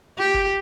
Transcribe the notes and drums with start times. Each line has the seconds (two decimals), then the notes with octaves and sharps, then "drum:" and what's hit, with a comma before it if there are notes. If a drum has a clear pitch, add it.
0.18 G4
0.34 drum: kick F#1